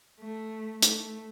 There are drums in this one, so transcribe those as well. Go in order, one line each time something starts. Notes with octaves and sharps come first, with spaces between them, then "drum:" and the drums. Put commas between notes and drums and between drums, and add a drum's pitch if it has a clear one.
A3
A3, drum: hi-hat